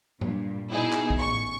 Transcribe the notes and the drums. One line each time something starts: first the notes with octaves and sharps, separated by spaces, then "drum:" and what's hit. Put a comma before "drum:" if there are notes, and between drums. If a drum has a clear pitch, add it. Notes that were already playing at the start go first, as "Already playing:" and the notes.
G2 A#2, drum: tom G2
B2 D#4 E4 G#4
drum: clap
drum: kick
A1 C#6